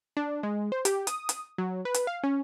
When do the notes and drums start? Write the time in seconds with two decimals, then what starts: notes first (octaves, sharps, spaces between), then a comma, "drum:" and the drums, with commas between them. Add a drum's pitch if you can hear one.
0.17 D4
0.43 G#3
0.72 C5
0.85 G4, drum: hi-hat
1.07 D#6, drum: hi-hat
1.29 drum: hi-hat
1.58 F#3
1.85 B4
1.94 drum: hi-hat
2.07 F5
2.24 C#4